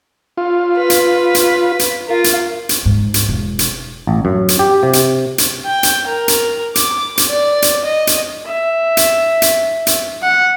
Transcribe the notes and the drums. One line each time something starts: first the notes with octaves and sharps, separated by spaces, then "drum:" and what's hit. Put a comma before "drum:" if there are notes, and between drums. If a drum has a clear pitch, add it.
F4
B4
drum: hi-hat
drum: hi-hat
drum: hi-hat
F4 A#4
drum: hi-hat
drum: hi-hat
G#2
drum: hi-hat
E1
drum: hi-hat
A1
F#2
drum: hi-hat
G4
C3
drum: hi-hat
drum: hi-hat
G5
drum: hi-hat
A#4
drum: hi-hat
D6, drum: hi-hat
drum: hi-hat
D5
drum: hi-hat
D#5
drum: hi-hat
E5
drum: hi-hat
drum: hi-hat
drum: hi-hat
F#5